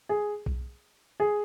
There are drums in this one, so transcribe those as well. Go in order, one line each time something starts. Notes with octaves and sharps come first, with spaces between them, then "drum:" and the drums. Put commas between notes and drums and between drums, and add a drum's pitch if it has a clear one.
G#4
drum: kick B1
G#4